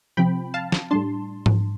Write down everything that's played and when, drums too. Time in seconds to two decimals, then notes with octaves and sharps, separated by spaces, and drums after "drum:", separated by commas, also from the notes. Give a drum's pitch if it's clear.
0.17 C3 F3 C4 G5 B5
0.54 F5 A5
0.72 drum: snare
0.91 A2 G3 D4 A5 C6
1.46 drum: tom G#2